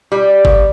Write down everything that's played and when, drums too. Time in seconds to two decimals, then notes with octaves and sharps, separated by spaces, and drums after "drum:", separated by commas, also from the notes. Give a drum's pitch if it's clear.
0.12 G3
0.45 drum: kick G1